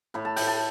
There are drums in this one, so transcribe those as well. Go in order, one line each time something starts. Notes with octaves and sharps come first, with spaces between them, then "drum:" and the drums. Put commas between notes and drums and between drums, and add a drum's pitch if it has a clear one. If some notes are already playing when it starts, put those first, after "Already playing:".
A2 B5
A5
A2 G5, drum: open hi-hat
A5